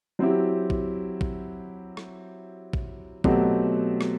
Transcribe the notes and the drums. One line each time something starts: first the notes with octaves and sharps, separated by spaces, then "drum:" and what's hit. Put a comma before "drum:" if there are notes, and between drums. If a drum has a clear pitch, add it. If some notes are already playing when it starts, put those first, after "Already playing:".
F#3 C4 E4 G4
drum: kick
drum: kick
drum: rim click
drum: kick
B2 F#3 A3 C4 G4, drum: kick
drum: rim click